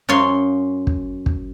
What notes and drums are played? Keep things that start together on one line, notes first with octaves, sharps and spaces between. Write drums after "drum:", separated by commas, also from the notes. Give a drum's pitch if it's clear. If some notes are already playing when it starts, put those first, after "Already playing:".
F#2 F4 C#5 C6
drum: kick
drum: kick